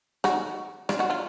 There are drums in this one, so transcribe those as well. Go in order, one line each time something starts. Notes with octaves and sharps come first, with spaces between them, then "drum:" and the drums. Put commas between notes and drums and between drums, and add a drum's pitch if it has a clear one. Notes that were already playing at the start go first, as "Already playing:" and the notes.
D#4 F#4, drum: rim click
D4 F4, drum: rim click
D#4 F#4
D4 F4